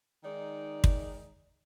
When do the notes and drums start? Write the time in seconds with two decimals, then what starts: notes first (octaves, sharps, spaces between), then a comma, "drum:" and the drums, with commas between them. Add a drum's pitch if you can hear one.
0.23 D#3 G#3 D#4 D5
0.84 drum: kick